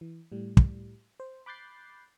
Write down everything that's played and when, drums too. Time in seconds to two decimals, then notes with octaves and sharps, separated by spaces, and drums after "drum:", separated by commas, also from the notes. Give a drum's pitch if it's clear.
0.01 E3
0.32 A2 G3
0.57 drum: kick
1.20 C5
1.46 B5 D6 F#6 G6 A6 C7